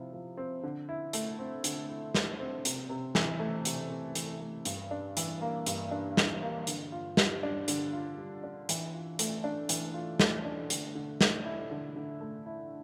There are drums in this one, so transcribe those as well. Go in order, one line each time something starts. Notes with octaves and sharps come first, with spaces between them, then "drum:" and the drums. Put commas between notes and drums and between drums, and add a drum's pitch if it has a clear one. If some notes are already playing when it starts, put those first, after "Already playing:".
Already playing: C3 F3 E4
F3
C4
D3
E4
A3, drum: hi-hat
C4
D3, drum: hi-hat
E4
A3, drum: snare
C4
C3, drum: hi-hat
C3
E3, drum: snare
A3
C3, drum: hi-hat
C3
E3, drum: hi-hat
A3
G2, drum: hi-hat
D4
E3, drum: hi-hat
A#3
G2, drum: hi-hat
D4
E3, drum: snare
A#3
D3, drum: hi-hat
F4
G3, drum: snare
D4
D3, drum: hi-hat
F4
G3
D4
E3, drum: hi-hat
F4
A3, drum: hi-hat
D4
E3, drum: hi-hat
F4
A3, drum: snare
D4
D3, drum: hi-hat
D3
A3, drum: snare
E4
D3
D3
A3
E4